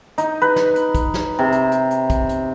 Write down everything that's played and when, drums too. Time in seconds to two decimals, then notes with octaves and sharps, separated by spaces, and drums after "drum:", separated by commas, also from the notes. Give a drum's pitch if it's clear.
0.18 D#4, drum: hi-hat
0.42 B4
0.56 drum: snare
0.75 drum: hi-hat
0.95 drum: kick, hi-hat
1.14 drum: snare
1.39 C3
1.52 drum: hi-hat
1.71 drum: hi-hat
1.91 drum: hi-hat
2.10 drum: kick, hi-hat
2.29 drum: hi-hat